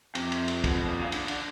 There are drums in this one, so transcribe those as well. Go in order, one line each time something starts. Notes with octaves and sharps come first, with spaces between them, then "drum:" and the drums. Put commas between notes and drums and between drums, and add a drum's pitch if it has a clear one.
F2 C3, drum: cymbal
drum: cymbal
drum: cymbal
B2, drum: kick, cymbal
B2
A#2
C#3
D3, drum: cymbal
D3, drum: cymbal